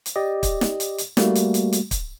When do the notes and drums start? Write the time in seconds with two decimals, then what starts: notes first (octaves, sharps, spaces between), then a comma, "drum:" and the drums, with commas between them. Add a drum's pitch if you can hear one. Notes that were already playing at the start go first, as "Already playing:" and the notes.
0.06 drum: hi-hat
0.16 G4 D5 D#5
0.43 drum: kick, hi-hat
0.61 drum: snare
0.80 drum: hi-hat
0.98 drum: hi-hat
1.17 G3 A3 A#3 F#4, drum: snare
1.35 drum: hi-hat
1.54 drum: hi-hat
1.73 drum: hi-hat
1.91 drum: kick, hi-hat